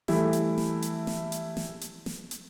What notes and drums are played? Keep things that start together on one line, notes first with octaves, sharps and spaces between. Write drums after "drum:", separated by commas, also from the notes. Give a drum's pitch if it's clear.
E3 G3 A3 E4, drum: snare
drum: hi-hat
drum: snare
drum: hi-hat
drum: snare
drum: hi-hat
drum: snare
drum: hi-hat
drum: snare
drum: hi-hat